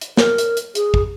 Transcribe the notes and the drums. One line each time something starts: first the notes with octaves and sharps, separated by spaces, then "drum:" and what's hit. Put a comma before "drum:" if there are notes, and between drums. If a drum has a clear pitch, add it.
drum: hi-hat
A#4, drum: snare
drum: hi-hat
drum: hi-hat
G#4, drum: hi-hat
drum: kick A1